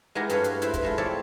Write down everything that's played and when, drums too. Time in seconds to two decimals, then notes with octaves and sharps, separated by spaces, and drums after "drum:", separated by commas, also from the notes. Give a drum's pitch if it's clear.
0.15 G#3 B3 E4 G4 A#4
0.29 G2 A3 B4 C#5 F5, drum: hi-hat
0.44 drum: hi-hat
0.62 E4 B4 C5 E5, drum: hi-hat
0.74 drum: kick, hi-hat
0.83 G#3 A3 F4
0.98 C4 F4 C#5 D5 E5 A5